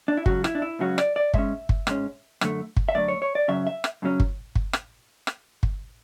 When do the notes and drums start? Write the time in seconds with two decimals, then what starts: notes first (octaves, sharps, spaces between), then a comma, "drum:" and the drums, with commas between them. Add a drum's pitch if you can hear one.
0.08 D4
0.17 E4
0.26 C#2 C#3 F#3 C#4 F#4, drum: kick G1
0.44 E4, drum: rim click
0.55 D4
0.62 E4
0.79 C#2 C#3 F#3 C#4 F#4
0.98 D5, drum: rim click
1.16 D5
1.34 G#2 G#3 C#4 E5, drum: kick G1
1.69 drum: kick G1
1.87 G#2 G#3 C#4, drum: rim click
2.41 F#2 D3 A3, drum: rim click
2.77 drum: kick G1
2.89 E5
2.95 F#2 D3 A3 D5
3.08 C#5
3.22 C#5
3.35 D5
3.48 F#2 C#3 F#3 C#4 E5
3.67 E5
3.84 drum: rim click
4.02 F#2 C#3 F#3 C#4
4.20 drum: kick G1
4.55 drum: kick G1
4.73 drum: rim click
5.27 drum: rim click
5.63 drum: kick G1